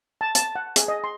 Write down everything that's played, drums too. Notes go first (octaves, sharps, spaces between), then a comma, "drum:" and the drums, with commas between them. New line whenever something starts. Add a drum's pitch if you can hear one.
A5
A5, drum: hi-hat
F#5
G#4, drum: hi-hat
D#5
C6